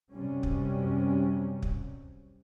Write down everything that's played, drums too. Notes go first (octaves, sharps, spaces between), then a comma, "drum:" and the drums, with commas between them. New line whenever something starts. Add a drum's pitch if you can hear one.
F#2 C3 G3 C#4
drum: kick
drum: kick